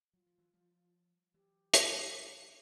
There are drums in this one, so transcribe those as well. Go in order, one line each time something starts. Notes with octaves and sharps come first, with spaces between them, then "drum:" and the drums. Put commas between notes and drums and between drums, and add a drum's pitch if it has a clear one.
F#3 F4
F3
E3 F#3
F3 G3
E3 F#3 G4
drum: hi-hat
C5
F3 G3 C#5
E3 F#3 G4